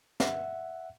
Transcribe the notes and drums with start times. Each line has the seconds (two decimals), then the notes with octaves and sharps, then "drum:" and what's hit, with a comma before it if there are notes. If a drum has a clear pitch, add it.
0.20 E5 F#5, drum: snare